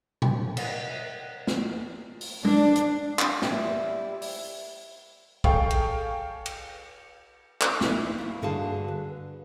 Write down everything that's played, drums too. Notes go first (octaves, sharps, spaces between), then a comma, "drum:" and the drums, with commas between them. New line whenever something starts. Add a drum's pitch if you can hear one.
drum: tom A#2
drum: cymbal
drum: snare
drum: open hi-hat
D4, drum: tom
drum: hi-hat
drum: clap
G3 E4, drum: snare
drum: open hi-hat
G#4 A4 F5 G5 C#6, drum: kick
drum: cymbal
drum: cymbal
drum: clap
D#4 E4, drum: snare
A3 A#3
G2 D3 F#4 G#4 F5 A5
B4